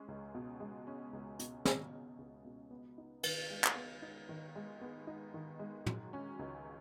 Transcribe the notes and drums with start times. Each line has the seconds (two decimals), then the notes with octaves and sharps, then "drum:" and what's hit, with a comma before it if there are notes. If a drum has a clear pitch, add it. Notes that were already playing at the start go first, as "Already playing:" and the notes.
Already playing: G#3 C#4
0.08 C#2
0.35 B2
0.60 G#3
0.87 C#4
1.13 C#2
1.39 B2, drum: hi-hat
1.65 G#3, drum: snare
1.92 C#4
2.18 C#2
2.45 B2
2.71 B3
2.98 D#4
3.23 D#3, drum: cymbal
3.50 G#3
3.64 drum: clap
3.75 B3
4.02 D#4
4.29 D#3
4.55 G#3
4.81 B3
5.07 D#4
5.34 D#3
5.59 G#3
5.86 F#3, drum: tom
6.13 C#4
6.39 C#2